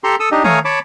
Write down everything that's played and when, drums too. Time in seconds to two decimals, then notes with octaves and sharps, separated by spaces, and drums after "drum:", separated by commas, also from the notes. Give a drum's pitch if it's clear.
0.04 G4 A4 A#5 C6
0.20 A4 D#6 E6
0.32 D4 D#4 G4 D#5
0.44 A3 C#5 F5 G#5 A#5 D#6, drum: tom D#3
0.65 C#5 A5 B5 D6